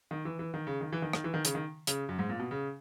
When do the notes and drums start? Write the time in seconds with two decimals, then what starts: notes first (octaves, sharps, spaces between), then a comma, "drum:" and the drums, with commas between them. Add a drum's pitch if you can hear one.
0.11 D#3
0.25 E3
0.39 E3
0.54 D#3
0.67 C#3
0.81 D#3
0.92 E3
1.02 D#3
1.13 D#3, drum: rim click
1.24 E3
1.34 D#3
1.45 C#3, drum: hi-hat
1.55 D#3
1.87 C#3, drum: hi-hat
2.09 F#2
2.19 G#2
2.29 A#2
2.39 B2
2.51 C#3